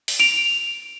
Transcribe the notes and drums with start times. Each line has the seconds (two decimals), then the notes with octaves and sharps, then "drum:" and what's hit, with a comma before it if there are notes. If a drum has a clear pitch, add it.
0.08 drum: open hi-hat
0.20 D7 F7